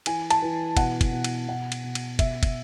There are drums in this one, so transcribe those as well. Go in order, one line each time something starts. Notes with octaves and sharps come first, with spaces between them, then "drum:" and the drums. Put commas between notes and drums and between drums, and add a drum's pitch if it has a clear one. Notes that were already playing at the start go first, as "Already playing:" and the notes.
E3 G#5, drum: cymbal
A5, drum: cymbal
E3
B2 F#5, drum: kick, cymbal
drum: kick, cymbal
B2
drum: cymbal
B2 F#5
drum: cymbal
B2
drum: cymbal
B2 E5, drum: kick, cymbal
drum: kick, cymbal